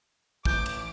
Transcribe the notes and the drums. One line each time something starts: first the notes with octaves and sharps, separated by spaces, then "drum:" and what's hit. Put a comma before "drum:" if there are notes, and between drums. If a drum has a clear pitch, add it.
A1 D6 G6, drum: kick
drum: cymbal